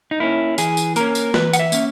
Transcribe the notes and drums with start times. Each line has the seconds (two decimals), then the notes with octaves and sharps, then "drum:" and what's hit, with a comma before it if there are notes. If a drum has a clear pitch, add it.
0.11 D#4
0.20 A#3 C#4 E4
0.58 E3 G#4, drum: tambourine
0.77 drum: tambourine
0.96 A#3 C#4 A#4, drum: tambourine
1.15 drum: tambourine
1.34 E3 B4, drum: snare
1.53 F#5, drum: tambourine
1.59 E5
1.72 A#3 C#4, drum: tambourine